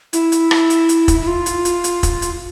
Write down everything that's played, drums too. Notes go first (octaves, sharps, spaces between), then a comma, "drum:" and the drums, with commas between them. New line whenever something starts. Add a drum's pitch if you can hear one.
E4, drum: hi-hat
drum: hi-hat
drum: rim click
drum: hi-hat
drum: hi-hat
drum: kick, hi-hat
E4
F4
drum: hi-hat
drum: hi-hat
drum: hi-hat
drum: kick, hi-hat
drum: hi-hat